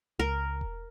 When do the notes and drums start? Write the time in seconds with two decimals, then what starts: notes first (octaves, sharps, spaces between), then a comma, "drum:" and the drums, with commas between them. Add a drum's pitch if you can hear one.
0.19 C#2 A#4
0.61 drum: kick E1